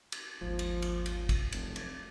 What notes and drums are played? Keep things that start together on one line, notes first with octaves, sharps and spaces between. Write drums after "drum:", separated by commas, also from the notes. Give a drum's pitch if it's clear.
drum: cymbal
G#1 D#2 F3
drum: cymbal
drum: cymbal
drum: cymbal
drum: kick, cymbal
F1 F#3, drum: cymbal
drum: cymbal